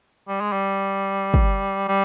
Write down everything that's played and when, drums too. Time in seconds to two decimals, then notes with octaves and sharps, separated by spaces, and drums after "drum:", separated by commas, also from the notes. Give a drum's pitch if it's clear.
0.28 G3
0.41 G#3
0.52 G3
1.34 drum: kick
1.88 G3